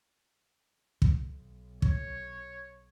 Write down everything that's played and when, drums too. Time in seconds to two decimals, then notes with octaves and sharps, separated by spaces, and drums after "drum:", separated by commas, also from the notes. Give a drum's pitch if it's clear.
1.02 B1, drum: kick
1.82 C#5, drum: kick